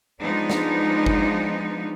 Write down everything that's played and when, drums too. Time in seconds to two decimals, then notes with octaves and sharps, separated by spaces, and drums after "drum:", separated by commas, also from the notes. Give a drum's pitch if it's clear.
0.21 F3 G#3 B3 D4 D#4
0.50 drum: snare
1.06 drum: kick G1